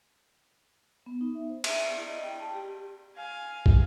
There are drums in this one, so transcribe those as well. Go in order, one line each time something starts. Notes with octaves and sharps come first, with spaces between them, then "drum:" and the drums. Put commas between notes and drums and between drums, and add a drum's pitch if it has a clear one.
B3
D#4
E5
C5
E5, drum: cymbal
E5
E4
D#5
G5
A5
G4
F5 G#5
drum: kick